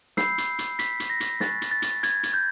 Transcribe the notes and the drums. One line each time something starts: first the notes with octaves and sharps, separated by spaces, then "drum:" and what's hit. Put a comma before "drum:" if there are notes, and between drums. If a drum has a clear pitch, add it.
B5 E6 G6 C7, drum: snare
drum: hi-hat
drum: hi-hat
B6, drum: hi-hat
drum: hi-hat
A#6
drum: hi-hat
G#5 C#6 F#6 A6, drum: snare
drum: hi-hat
A6
drum: hi-hat
G#6, drum: hi-hat
drum: hi-hat
G6